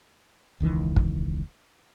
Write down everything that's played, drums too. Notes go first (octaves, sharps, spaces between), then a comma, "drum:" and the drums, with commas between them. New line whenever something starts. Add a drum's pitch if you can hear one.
E1 C#2 D#3 E3
drum: kick